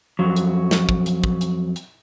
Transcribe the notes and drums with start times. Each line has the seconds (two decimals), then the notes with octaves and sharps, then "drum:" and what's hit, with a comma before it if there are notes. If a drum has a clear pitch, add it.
0.19 F2 F#3
0.36 drum: hi-hat
0.71 drum: snare
0.89 drum: kick
1.06 drum: hi-hat
1.24 drum: kick
1.41 drum: hi-hat
1.76 drum: hi-hat